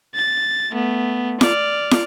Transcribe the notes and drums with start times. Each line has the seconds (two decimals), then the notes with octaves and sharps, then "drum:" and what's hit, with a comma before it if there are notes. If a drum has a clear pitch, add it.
0.15 A6
0.72 A3 B3
1.41 D5 F6, drum: snare
1.91 drum: snare